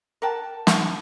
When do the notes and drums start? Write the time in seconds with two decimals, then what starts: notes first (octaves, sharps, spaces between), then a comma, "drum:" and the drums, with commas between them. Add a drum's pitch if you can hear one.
0.22 A#4 F#5 G5 A5
0.67 drum: snare